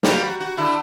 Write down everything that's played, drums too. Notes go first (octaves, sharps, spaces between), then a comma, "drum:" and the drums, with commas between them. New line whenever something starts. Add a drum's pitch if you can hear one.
G3 A#3 F#4, drum: snare
F#4
F#4
D3 E4